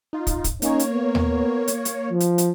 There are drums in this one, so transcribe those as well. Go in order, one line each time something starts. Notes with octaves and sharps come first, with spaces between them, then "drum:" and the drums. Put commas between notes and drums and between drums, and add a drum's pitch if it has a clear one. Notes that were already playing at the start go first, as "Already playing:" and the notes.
D#4 F4
drum: kick, hi-hat
drum: kick, hi-hat
A#3 C#4 D#4 C#5, drum: hi-hat
drum: hi-hat
B3 A#4
drum: tom D#2
drum: hi-hat
drum: hi-hat
F3
drum: hi-hat
drum: hi-hat